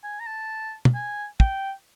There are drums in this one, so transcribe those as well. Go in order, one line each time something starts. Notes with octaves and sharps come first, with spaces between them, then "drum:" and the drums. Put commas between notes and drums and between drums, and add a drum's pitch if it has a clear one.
G#5
A#5
A5
drum: tom
G#5
G5, drum: kick